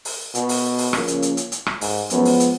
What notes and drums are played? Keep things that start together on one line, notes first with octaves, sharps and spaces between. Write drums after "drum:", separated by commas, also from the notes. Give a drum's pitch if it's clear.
drum: open hi-hat
B2, drum: hi-hat
drum: open hi-hat
drum: open hi-hat
C#3 F3 A#3 C#4, drum: rim click
drum: hi-hat
drum: hi-hat
drum: hi-hat
drum: hi-hat
drum: rim click
G#2, drum: open hi-hat
F#2 F3 G#3 B3, drum: hi-hat
drum: open hi-hat
drum: hi-hat